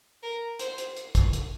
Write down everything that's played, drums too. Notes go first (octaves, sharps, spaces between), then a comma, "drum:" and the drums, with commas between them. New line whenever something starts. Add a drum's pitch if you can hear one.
A#4
C5, drum: hi-hat
drum: hi-hat
drum: hi-hat
drum: kick, hi-hat
drum: hi-hat